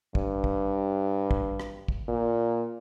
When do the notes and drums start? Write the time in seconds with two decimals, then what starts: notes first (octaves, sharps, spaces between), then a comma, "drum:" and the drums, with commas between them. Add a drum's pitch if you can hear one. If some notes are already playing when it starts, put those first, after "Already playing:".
0.15 G2, drum: kick
0.44 drum: kick
1.31 drum: kick
1.60 drum: rim click
1.88 drum: kick
2.08 A#2